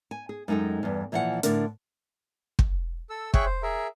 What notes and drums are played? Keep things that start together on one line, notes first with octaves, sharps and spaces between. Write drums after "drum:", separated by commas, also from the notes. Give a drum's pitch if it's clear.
G#5
G#4
F#2 G#3 D#4 A4 G5
E2 G2
A#2 E3 F3 A#4 F#5
A2 D3 D4 A#4, drum: hi-hat
drum: kick
A4 E6
G#4 C#5 E5 G5 C#6 F#6, drum: kick
C5
G#4 A#4 E5